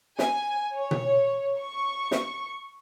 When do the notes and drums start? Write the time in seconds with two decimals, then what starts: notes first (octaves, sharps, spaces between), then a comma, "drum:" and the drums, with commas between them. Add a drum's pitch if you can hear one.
0.19 G#5, drum: snare
0.75 C#5
0.91 drum: tom B2
1.60 C#6
2.11 drum: snare